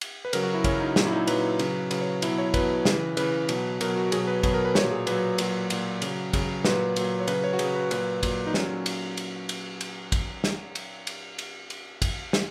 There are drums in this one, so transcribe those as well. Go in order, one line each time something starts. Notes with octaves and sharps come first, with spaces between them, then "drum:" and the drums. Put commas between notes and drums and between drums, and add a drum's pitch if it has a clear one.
drum: cymbal
B4
C#3 F#3 A#4, drum: cymbal
F#4
E4
C#3 F#3 C#4, drum: kick, cymbal
D#4
A#2 F#3 C#4, drum: snare
E4
D#4
A#2 F#3 B4, drum: cymbal
C#3 F#3, drum: cymbal
C#3 F#3 B4, drum: cymbal
C#5
B2 F#3 E4, drum: cymbal
C#5
B2 F#3 B4, drum: kick, cymbal
C#3 E3, drum: snare
C#3 E3 B4, drum: cymbal
B2 F#3, drum: cymbal
B2 F#3 A#4, drum: cymbal
F#4
B2 F#3 G#4, drum: cymbal
B4
B2 F#3 B4, drum: kick, cymbal
A#4
B4
A#2 F#3 C#5, drum: snare
G#4
A#2 F#3 B4, drum: cymbal
A#2 F#3, drum: cymbal
A#2 F#3, drum: cymbal
C#3 F#3, drum: cymbal
C#3 F#3, drum: kick, cymbal
A#2 F#3 B4, drum: snare
A#2 F#3, drum: cymbal
C#5
C#3 F#3 B4, drum: cymbal
C#5
F#4
C#3 F#3 G#4, drum: cymbal
B4
A#2 F#3 B4, drum: cymbal
A#2 F#3, drum: kick, cymbal
D#4
A#2 F#3 C#4, drum: snare
drum: cymbal
drum: cymbal
drum: cymbal
drum: cymbal
drum: kick, cymbal
drum: snare
drum: cymbal
drum: cymbal
drum: cymbal
drum: cymbal
drum: kick, cymbal
drum: snare